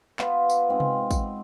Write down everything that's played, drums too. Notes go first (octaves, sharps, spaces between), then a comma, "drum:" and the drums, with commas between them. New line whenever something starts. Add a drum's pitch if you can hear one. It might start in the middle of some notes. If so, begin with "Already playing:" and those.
B3 F4, drum: clap
drum: tambourine
G#2 C4
drum: tom C3
drum: kick, tambourine